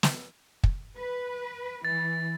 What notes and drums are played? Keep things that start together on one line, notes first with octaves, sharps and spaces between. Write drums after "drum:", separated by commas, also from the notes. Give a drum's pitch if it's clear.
drum: snare
drum: kick
B4
E3 A6